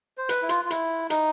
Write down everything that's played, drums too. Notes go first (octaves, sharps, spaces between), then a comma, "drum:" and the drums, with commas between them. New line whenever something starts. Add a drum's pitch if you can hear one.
C5
B4, drum: hi-hat
E4
F4, drum: hi-hat
F4
E4, drum: hi-hat
D#4, drum: hi-hat